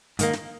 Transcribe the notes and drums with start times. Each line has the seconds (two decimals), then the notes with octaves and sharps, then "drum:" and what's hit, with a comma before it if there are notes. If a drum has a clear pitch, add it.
0.19 G#2 D#3 A#3, drum: hi-hat
0.33 drum: snare